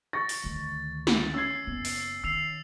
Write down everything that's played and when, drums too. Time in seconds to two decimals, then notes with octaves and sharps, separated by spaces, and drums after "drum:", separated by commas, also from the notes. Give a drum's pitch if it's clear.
0.13 C#6 A6 A#6
0.29 drum: open hi-hat
0.44 D2 D#3
1.07 drum: snare
1.34 C#4 E6 G#6 C7
1.67 F#1 B3
1.85 drum: open hi-hat
2.24 D#3 E6 C7 F7